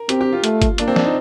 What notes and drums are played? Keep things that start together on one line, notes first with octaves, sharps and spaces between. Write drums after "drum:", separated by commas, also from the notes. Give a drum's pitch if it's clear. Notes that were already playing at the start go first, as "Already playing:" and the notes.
Already playing: A#4
C4 G4, drum: hi-hat
G4
F4
A3, drum: hi-hat
drum: kick G1, hi-hat
A#3 D4, drum: hi-hat
C4
D4, drum: snare
D#4